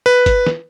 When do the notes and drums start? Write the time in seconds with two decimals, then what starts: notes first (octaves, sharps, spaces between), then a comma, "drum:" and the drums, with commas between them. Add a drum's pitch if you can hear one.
0.06 B4
0.26 drum: kick G1, hi-hat
0.47 drum: snare